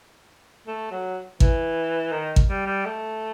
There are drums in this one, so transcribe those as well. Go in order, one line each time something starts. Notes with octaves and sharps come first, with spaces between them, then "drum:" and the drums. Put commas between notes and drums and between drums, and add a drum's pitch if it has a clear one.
A3
F#3
E3, drum: kick
D#3
drum: kick
G3
G3
A3